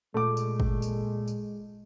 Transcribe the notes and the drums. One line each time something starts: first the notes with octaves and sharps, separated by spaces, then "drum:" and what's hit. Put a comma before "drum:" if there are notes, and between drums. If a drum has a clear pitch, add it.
A#2 G#3 A3 D6
drum: tambourine
drum: kick
drum: tambourine
drum: tambourine